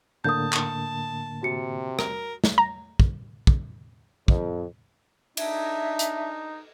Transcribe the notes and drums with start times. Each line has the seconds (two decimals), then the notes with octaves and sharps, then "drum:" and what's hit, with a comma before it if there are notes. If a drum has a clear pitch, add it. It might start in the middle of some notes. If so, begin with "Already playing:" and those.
0.24 A2 D3 A#3 A5 D#6 G6
0.52 drum: clap
1.43 C3 F#4 C#7
1.99 A#4, drum: rim click
2.44 drum: snare
2.58 A#5
3.00 drum: kick
3.47 drum: kick
4.28 F2, drum: kick
5.37 D4 D#4 E5, drum: cymbal
5.99 drum: hi-hat